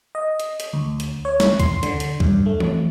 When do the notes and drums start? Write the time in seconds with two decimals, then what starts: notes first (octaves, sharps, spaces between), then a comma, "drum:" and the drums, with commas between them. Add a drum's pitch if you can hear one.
0.15 D#5
0.40 drum: hi-hat
0.60 drum: hi-hat
0.73 D2
1.00 drum: hi-hat
1.25 C#5
1.40 drum: snare
1.60 C6, drum: kick, hi-hat
1.83 D3, drum: hi-hat
2.00 drum: hi-hat
2.20 G2, drum: kick
2.46 A3
2.60 drum: tom E3